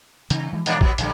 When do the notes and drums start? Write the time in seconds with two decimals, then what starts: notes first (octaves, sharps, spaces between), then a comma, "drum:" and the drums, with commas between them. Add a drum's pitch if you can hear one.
0.30 G2 C#3 E3, drum: hi-hat
0.53 E3 F3 G#3
0.66 A#2 A#3 D4, drum: hi-hat
0.81 C3 F#3 B3, drum: kick
0.98 A#1 F#2 D3 G3, drum: hi-hat